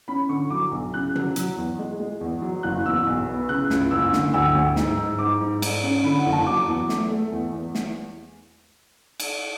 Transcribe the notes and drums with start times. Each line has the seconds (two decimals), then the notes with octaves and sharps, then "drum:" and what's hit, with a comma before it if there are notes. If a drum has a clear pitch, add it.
0.08 C#4 B5
0.29 D3 C#6
0.50 F#3 D6
0.72 B1
0.94 C#3 F#6
1.15 F#3, drum: tom
1.36 F#3, drum: hi-hat
1.57 E2
1.79 G#3
2.00 G#3
2.21 E2
2.42 F#3
2.63 F#1 F#6
2.86 E2 E6
3.07 B1
3.28 B3
3.49 C#3 F#6
3.70 C#2, drum: snare
3.91 F#1 E6
4.13 D3, drum: snare
4.34 D2 E6
4.55 D2
4.76 G#2, drum: snare
4.97 G#2
5.19 G#2 D6
5.41 G#2
5.62 G#2, drum: cymbal
5.84 C#4
6.04 D3 B5
6.18 F#5
6.26 F#1
6.33 A5
6.46 F#3 D6
6.68 E2
6.89 A3, drum: snare
7.10 A3
7.32 E2
7.53 E2
7.75 drum: snare
9.20 drum: cymbal